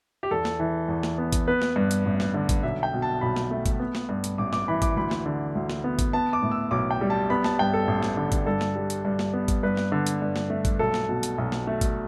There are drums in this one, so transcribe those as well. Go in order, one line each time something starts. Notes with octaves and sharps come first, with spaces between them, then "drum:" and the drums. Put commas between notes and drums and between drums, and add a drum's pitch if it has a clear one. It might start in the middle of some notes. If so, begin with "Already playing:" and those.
G4
E2 A4
drum: snare
E3
E2
drum: snare
B3
drum: kick, hi-hat
B3 B4
drum: snare
G2
drum: hi-hat
A1
drum: snare
D3
drum: kick, hi-hat
B1 E5
G5
B2
A5
B1 B5
drum: snare
A3
drum: kick, hi-hat
B3
drum: snare
G2
drum: hi-hat
A1 D6
D6, drum: snare
E3 B5
D6, drum: kick, hi-hat
D2 B5
drum: snare
D3
D2
drum: snare
B3
drum: kick, hi-hat
B3 A5
D6
A2
E6
B1 D6
G5
G3
A5
B3 B5
A5, drum: snare
G2 G5
A4
A1
drum: snare
D3
drum: kick, hi-hat
G2 A4
drum: snare
G3
drum: hi-hat
G2
drum: snare
B3
drum: kick, hi-hat
G2 B4
drum: snare
D3
drum: hi-hat
G2
drum: snare
A3
drum: kick, hi-hat
B1 A4
drum: snare
B2
drum: hi-hat
B1
drum: snare
A3
drum: kick, hi-hat